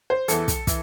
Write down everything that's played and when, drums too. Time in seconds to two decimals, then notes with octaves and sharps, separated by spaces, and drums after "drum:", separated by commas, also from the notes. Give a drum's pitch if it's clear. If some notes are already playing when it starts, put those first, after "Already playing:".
0.10 C5
0.28 E2 E3 A4, drum: hi-hat
0.48 drum: kick, hi-hat
0.67 E3, drum: kick, hi-hat